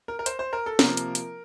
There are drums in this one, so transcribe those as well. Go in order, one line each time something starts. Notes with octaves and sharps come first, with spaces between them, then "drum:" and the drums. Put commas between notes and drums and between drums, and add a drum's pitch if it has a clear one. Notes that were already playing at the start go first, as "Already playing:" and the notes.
A#4
A#4
C5, drum: hi-hat
C5
A#4
A4
C3 F3 A#3 A#4, drum: snare
drum: hi-hat
drum: hi-hat